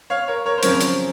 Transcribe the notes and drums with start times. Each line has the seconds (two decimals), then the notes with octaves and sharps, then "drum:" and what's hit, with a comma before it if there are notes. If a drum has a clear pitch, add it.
0.10 C#5 F5
0.28 A#4 C#5
0.46 A#4 C#5
0.58 C5
0.63 F#2 C#3 F3 C4 A#4 C#5, drum: hi-hat
0.81 drum: hi-hat